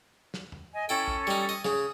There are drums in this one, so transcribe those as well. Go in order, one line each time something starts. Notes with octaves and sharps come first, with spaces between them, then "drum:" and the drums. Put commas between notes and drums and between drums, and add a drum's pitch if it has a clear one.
drum: snare
drum: tom F2
D#5 G#5
C#4 E4 A4 G5
drum: kick
G3 D#4
D#5
C#3 D#6, drum: snare